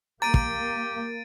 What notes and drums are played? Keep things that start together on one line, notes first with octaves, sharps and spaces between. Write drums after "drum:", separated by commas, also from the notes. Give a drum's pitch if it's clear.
A#3 G4 A#5 A6 D7 D#7
drum: kick